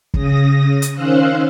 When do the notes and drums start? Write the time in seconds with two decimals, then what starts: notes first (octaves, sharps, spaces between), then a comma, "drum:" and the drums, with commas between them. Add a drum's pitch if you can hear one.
0.14 C#3 D#6 A#6, drum: kick
0.82 drum: hi-hat
0.93 D#3 C#4 C5 F5 E6 F#6